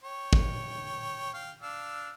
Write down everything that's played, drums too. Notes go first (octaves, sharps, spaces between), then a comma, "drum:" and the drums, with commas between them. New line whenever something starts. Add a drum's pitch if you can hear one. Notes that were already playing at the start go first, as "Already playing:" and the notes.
C#5 G5
drum: kick
F5 G5
D4 F5 E6